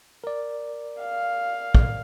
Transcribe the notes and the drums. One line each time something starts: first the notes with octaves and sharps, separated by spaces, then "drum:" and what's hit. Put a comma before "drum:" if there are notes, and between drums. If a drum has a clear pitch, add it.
A#4 D5
F5
drum: kick